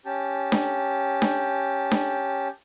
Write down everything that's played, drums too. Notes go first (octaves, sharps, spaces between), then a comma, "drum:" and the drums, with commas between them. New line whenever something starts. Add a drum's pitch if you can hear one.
C#4 G4 A5
drum: snare D4
drum: snare D4
drum: snare D4